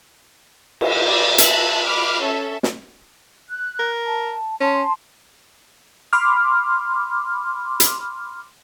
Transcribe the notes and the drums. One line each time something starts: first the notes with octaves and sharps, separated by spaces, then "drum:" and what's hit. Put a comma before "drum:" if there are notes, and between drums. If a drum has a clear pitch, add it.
drum: cymbal
D5
E5 A5 F#6, drum: hi-hat
B5 D6 F6
C#4 A4 E5
drum: snare
F#6
A#4
A5
C#4 G#5 A5 C6
B5 C6 D6 F6
drum: hi-hat